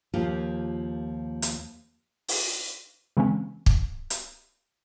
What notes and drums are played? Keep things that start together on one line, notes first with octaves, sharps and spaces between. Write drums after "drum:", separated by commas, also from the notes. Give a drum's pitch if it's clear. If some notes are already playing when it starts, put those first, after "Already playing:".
D#2 F3 A#3 F4 G4
drum: hi-hat
drum: open hi-hat
C#3 E3 G#3 A#3 C4 C#4
drum: kick
drum: hi-hat